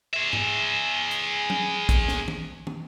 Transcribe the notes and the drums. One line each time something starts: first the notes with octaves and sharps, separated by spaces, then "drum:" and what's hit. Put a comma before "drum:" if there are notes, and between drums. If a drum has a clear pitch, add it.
G#4 E5
drum: tom G#2
drum: hi-hat
drum: tom F#3
drum: kick, hi-hat
drum: snare
drum: tom
drum: tom